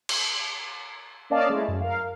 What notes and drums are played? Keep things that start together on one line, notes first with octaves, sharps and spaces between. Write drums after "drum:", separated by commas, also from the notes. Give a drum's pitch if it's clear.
drum: cymbal
A#3 C#4 D5 D#5 F5 A5
G#3 A3 E4
F#2
A#4 F5